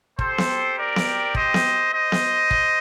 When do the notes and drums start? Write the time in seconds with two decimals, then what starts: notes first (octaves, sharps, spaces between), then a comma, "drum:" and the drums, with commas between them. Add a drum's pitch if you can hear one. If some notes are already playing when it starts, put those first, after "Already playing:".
0.19 C4 G4 A4 C5, drum: kick
0.38 drum: snare B3
0.77 A#4 D5
0.96 drum: snare B3
1.35 C5 D#5, drum: kick
1.54 drum: snare B3
1.93 C5 D#5
2.12 drum: snare B3
2.51 drum: kick